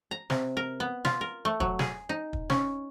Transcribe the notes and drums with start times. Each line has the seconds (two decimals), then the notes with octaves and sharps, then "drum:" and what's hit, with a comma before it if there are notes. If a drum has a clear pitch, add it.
0.11 A#5
0.30 C3, drum: snare
0.57 A#4
0.80 B3
1.05 F4, drum: snare
1.21 A#4
1.45 A3
1.60 F#3, drum: kick
1.79 G#4, drum: snare
2.09 D#4
2.33 drum: kick
2.50 C#4, drum: snare